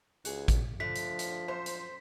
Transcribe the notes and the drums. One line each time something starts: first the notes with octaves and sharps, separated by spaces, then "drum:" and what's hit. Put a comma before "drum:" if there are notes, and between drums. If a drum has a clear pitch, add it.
C#2 F#4 G#4, drum: hi-hat
drum: kick A1, hi-hat
D3 F3 A3 D4 B6
drum: hi-hat
drum: hi-hat
F#2 C5
drum: hi-hat